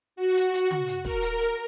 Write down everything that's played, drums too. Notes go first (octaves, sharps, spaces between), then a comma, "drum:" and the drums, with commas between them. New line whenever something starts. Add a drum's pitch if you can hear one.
F#4
drum: hi-hat
drum: hi-hat
drum: tom C#3
drum: hi-hat
A#4, drum: kick, open hi-hat
drum: hi-hat
drum: open hi-hat